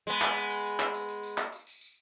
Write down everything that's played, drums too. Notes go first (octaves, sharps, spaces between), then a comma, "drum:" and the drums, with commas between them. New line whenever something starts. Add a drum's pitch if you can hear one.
G#3 B3, drum: tambourine
drum: clap
drum: tambourine
drum: tambourine
drum: tambourine
drum: clap
drum: tambourine
drum: tambourine
drum: tambourine
drum: clap
drum: tambourine
drum: tambourine
drum: tambourine